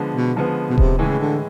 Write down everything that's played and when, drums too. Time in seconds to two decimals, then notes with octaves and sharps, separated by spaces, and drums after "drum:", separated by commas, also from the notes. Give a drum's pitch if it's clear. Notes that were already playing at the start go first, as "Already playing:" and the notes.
Already playing: D3 F3 G#3 B3
0.15 B2
0.36 D3 F3 G#3 B3
0.70 B2
0.78 C3, drum: kick D#1
0.99 A2 C#3 E3 G#3
1.19 D3